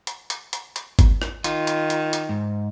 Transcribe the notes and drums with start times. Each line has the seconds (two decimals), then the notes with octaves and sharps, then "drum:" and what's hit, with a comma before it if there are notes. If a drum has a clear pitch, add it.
0.07 drum: hi-hat
0.30 drum: hi-hat
0.53 drum: hi-hat
0.76 drum: hi-hat
0.99 drum: kick G#1, hi-hat
1.22 drum: rim click
1.44 D#3 F4, drum: hi-hat
1.67 drum: hi-hat
1.90 drum: hi-hat
2.13 drum: hi-hat
2.29 G#2